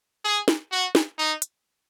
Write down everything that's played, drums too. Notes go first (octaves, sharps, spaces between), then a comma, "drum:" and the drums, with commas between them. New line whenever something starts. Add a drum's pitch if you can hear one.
G#4
drum: snare
F#4
drum: snare
D#4
drum: hi-hat